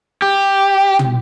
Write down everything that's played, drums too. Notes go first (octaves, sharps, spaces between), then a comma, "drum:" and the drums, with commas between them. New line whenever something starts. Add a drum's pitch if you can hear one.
G4
drum: tom